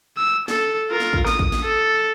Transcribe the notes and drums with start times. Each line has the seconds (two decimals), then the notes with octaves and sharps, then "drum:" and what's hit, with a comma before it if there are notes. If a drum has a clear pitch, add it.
0.17 E6
0.48 A4, drum: snare
0.90 F4 A#4
1.00 drum: snare
1.13 drum: kick
1.27 D#6, drum: snare
1.39 drum: kick
1.52 drum: snare
1.64 A4